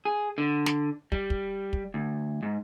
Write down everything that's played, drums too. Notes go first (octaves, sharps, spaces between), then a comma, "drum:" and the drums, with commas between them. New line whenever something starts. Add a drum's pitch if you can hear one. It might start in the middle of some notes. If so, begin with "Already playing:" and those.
G#4
D3
drum: snare
G3, drum: kick
drum: kick
drum: kick
D2
G#2